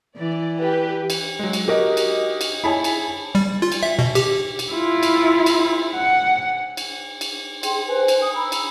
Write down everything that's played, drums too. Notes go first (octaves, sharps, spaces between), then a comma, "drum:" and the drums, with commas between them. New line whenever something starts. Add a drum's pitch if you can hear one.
E3 D5
G4 B4
drum: cymbal
F#3 G#3
drum: cymbal
F#4 G4 A#4 D#5
drum: cymbal
drum: cymbal
E4 G#4 C#5 G#5 A5 B5
drum: cymbal
G3
F4
drum: cymbal
E5
B2
G4, drum: cymbal
drum: cymbal
E4 F4
drum: cymbal
drum: cymbal
F#5
drum: cymbal
drum: cymbal
G#4 G5 C6, drum: cymbal
B4 C5 G#5
drum: cymbal
D#6
A#5 B5 E6
drum: cymbal